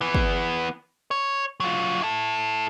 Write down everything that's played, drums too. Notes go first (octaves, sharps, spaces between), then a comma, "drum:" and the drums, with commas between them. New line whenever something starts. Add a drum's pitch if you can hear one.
E3 B3
drum: kick
C#5
F#3 F4
E4 A4